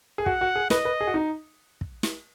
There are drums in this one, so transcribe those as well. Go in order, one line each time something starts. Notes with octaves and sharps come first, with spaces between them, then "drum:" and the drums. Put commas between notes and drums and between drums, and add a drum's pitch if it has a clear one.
G#4
F#4 F#5, drum: kick
F#4
G#4
B4 D#5, drum: snare
B4
G#4
F#4
D#4
drum: kick
drum: snare